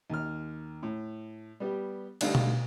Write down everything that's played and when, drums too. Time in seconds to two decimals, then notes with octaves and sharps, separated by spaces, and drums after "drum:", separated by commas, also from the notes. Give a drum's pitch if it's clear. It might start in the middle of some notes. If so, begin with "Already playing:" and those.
0.10 D#2 F6
0.83 A2
1.60 G3 B3 G4
2.21 D3 G3 A3 D#4 A4 F5, drum: cymbal
2.35 drum: tom B2